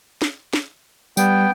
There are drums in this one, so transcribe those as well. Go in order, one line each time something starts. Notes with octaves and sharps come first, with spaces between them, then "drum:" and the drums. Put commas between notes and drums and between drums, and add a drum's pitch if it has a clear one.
drum: snare
drum: snare
G3 B3 G5, drum: tambourine